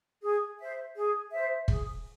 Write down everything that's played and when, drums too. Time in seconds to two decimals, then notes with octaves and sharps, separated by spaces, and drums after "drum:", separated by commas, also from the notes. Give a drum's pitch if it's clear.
0.22 G#4
0.59 C5 E5
0.95 G#4
1.31 C5 E5
1.68 G#4, drum: kick